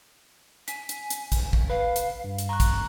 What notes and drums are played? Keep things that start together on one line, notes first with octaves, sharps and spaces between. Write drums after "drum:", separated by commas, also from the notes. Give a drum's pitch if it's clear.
G#5 B6, drum: hi-hat
drum: hi-hat
drum: hi-hat
drum: kick, hi-hat
drum: kick
B4 F5
drum: hi-hat
G2
drum: hi-hat
A#5 C#6 F#6
drum: kick, hi-hat